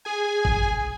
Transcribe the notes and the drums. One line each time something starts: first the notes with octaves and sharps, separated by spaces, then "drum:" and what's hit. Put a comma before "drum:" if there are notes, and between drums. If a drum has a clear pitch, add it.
G#4 G#5
drum: kick